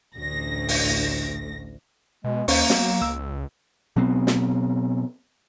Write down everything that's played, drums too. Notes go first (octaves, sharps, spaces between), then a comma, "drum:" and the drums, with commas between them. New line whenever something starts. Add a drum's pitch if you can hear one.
A1 D2 A#6
drum: open hi-hat
B2 G#3
D#2 A#3 C#4 C5 C#6, drum: open hi-hat
F#3 B3, drum: snare
C#2 E6
B2 F#3 B3 C4
drum: snare